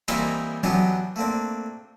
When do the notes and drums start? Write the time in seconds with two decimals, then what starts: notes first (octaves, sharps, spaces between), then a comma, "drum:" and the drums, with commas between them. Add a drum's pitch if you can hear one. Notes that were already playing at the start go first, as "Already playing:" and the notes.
0.08 E3 G3 A#3 C4 D#4 E4, drum: cymbal
0.63 E3 F#3 B3 D4 G4 D#5, drum: tom F#3
1.16 A3 A#3 C4 D4